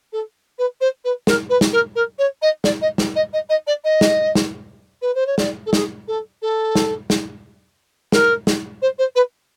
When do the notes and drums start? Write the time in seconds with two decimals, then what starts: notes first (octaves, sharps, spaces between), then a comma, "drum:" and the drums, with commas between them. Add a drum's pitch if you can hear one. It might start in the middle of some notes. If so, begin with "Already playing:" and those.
0.12 A4
0.58 B4
0.81 C5
1.04 B4
1.27 A#4, drum: snare
1.49 B4
1.61 drum: snare
1.73 A#4
1.95 A#4
2.18 C#5
2.42 D#5
2.64 D5, drum: snare
2.81 D#5
2.98 drum: snare
3.15 D#5
3.33 D#5
3.49 D#5
3.67 D5
3.84 D#5
4.01 drum: snare
4.35 drum: snare
5.02 B4
5.15 C5
5.26 C#5
5.38 D5, drum: snare
5.66 A4
5.73 G#4, drum: snare
6.08 A4
6.42 A4
6.76 drum: snare
7.10 drum: snare
8.12 A#4, drum: snare
8.47 drum: snare
8.82 C5
8.98 C5
9.15 B4